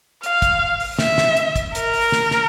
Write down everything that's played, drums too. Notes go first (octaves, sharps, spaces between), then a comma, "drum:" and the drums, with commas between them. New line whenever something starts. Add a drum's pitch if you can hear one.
F5, drum: hi-hat
drum: kick, hi-hat
drum: open hi-hat
E5, drum: snare
drum: snare
drum: hi-hat
drum: kick, hi-hat
A#4, drum: hi-hat
drum: open hi-hat
drum: snare
drum: snare